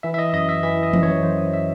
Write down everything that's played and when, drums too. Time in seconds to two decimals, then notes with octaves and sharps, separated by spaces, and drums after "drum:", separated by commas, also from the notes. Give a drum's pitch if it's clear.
0.03 E3 E5
0.14 E5
0.18 D#5
0.33 F#2 D#5
0.49 E5
0.63 E3 E5
0.83 D#5
0.93 F#2, drum: tom E3
1.03 C#5
1.23 F#2 C5
1.38 D#5
1.54 E5